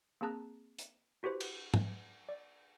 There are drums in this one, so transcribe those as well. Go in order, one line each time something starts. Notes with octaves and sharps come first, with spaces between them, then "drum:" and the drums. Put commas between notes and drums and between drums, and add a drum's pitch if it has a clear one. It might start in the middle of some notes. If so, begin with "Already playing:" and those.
A#3 C4 G#4 A5 A#5 F#6
drum: hi-hat
E4 F#4 G4 B4 C5
drum: cymbal
drum: tom
D5